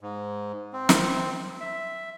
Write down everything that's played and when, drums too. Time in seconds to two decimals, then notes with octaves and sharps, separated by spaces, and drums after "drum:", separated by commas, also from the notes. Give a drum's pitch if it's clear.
0.01 G#2
0.73 C4
0.89 drum: snare
1.61 E5